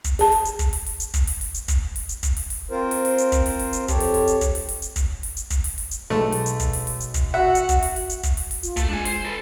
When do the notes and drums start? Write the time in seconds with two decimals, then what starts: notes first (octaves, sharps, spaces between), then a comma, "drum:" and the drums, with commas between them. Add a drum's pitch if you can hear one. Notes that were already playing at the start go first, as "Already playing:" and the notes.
0.05 drum: kick, hi-hat
0.19 G#4 A5, drum: open hi-hat
0.32 drum: open hi-hat
0.45 drum: hi-hat
0.59 drum: kick, hi-hat
0.73 drum: open hi-hat
0.86 drum: open hi-hat
1.00 drum: hi-hat
1.14 drum: kick, hi-hat
1.27 drum: open hi-hat
1.41 drum: open hi-hat
1.55 drum: hi-hat
1.68 drum: kick, hi-hat
1.96 drum: open hi-hat
2.09 drum: hi-hat
2.23 drum: kick, hi-hat
2.37 drum: open hi-hat
2.50 drum: open hi-hat
2.70 C4 F4 A#4 C5
2.91 drum: open hi-hat
3.05 drum: open hi-hat
3.18 drum: hi-hat
3.32 drum: kick, hi-hat
3.46 drum: open hi-hat
3.59 drum: open hi-hat
3.73 drum: hi-hat
3.88 F2 G4 C#5 A5, drum: kick, hi-hat
4.00 drum: open hi-hat
4.14 drum: open hi-hat
4.28 drum: hi-hat
4.41 drum: kick, hi-hat
4.55 drum: open hi-hat
4.69 drum: open hi-hat
4.82 drum: hi-hat
4.96 drum: kick, hi-hat
5.23 drum: open hi-hat
5.37 drum: hi-hat
5.50 drum: kick, hi-hat
5.64 drum: open hi-hat
5.78 drum: open hi-hat
5.91 drum: hi-hat
6.10 B1 G#3 A3
6.32 drum: open hi-hat
6.46 drum: hi-hat
6.60 drum: kick, hi-hat
6.73 drum: open hi-hat
6.87 drum: open hi-hat
7.01 drum: hi-hat
7.14 drum: kick, hi-hat
7.34 F#4 E5 F#5
7.55 drum: hi-hat
7.69 drum: kick, hi-hat
7.82 drum: open hi-hat
7.96 drum: open hi-hat
8.10 drum: hi-hat
8.23 drum: kick, hi-hat
8.37 drum: open hi-hat
8.51 drum: open hi-hat
8.63 F4, drum: hi-hat
8.77 A3, drum: kick, hi-hat
8.89 G#3 D4 G#5
9.05 C5, drum: open hi-hat
9.25 A4 B4